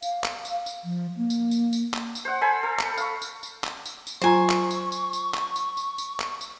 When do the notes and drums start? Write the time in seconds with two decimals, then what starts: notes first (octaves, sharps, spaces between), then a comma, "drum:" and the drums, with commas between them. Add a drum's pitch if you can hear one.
0.02 F5, drum: tambourine
0.24 drum: clap
0.45 drum: tambourine
0.66 drum: tambourine
0.84 F3
1.17 A#3
1.30 drum: tambourine
1.51 drum: tambourine
1.73 drum: tambourine
1.94 drum: clap
2.15 drum: tambourine
2.25 C5 F#5
2.41 A4 C5 G#5 B5
2.63 A4
2.79 drum: clap
2.98 F5 C#6, drum: tambourine
3.22 drum: tambourine
3.43 drum: tambourine
3.64 drum: clap
3.86 drum: tambourine
4.07 drum: tambourine
4.22 F#3 F4 C5 G#5 A#5 C#6
4.49 drum: clap
4.71 drum: tambourine
4.92 drum: tambourine
5.13 drum: tambourine
5.34 drum: clap
5.56 drum: tambourine
5.77 drum: tambourine
5.98 drum: tambourine
6.20 drum: clap
6.41 drum: tambourine